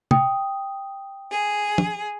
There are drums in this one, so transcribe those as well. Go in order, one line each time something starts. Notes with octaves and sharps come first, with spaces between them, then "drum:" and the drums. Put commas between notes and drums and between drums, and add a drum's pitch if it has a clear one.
G5 D#6, drum: tom
G#4
drum: tom